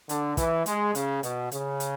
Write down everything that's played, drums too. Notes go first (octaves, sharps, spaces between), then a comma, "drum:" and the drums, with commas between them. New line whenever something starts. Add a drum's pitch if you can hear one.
D3, drum: hi-hat
E3, drum: kick, hi-hat
G#3, drum: hi-hat
C#3, drum: hi-hat
B2, drum: hi-hat
C#3, drum: hi-hat
drum: hi-hat